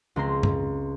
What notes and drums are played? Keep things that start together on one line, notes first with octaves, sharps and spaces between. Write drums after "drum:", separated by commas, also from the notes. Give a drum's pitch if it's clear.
C#2 G#3 C4 A#5 C6
drum: tom F#2